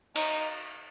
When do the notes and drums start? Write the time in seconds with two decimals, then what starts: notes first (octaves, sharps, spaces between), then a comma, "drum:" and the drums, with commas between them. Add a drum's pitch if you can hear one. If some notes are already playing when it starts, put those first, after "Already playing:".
0.16 D#4, drum: cymbal